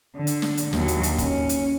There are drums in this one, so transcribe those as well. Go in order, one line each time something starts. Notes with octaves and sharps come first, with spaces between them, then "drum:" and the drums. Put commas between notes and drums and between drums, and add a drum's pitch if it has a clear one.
D3
drum: hi-hat
drum: snare
drum: hi-hat
D#2 F#3, drum: snare
drum: hi-hat
drum: hi-hat
C#4, drum: kick, hi-hat
drum: hi-hat